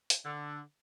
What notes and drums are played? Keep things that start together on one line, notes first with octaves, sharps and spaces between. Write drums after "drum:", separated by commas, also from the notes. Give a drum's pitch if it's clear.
drum: hi-hat
D3